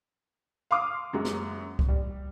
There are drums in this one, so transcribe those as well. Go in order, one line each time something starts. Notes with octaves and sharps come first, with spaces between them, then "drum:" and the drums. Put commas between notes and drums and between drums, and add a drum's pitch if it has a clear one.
F5 C6 D6 D#6 F6
F#2 F#3 G#3
drum: snare
drum: kick C2
G3